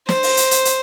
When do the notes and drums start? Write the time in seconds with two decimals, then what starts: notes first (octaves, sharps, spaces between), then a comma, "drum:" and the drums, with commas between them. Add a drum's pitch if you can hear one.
0.09 C5, drum: snare
0.23 drum: open hi-hat
0.37 drum: hi-hat
0.51 drum: hi-hat
0.65 drum: hi-hat